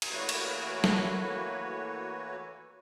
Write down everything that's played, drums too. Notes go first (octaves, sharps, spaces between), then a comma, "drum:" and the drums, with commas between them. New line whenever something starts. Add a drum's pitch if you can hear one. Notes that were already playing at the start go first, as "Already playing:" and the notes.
drum: cymbal
E3 A3 A#3 F#4 B4 C#5
drum: cymbal
drum: snare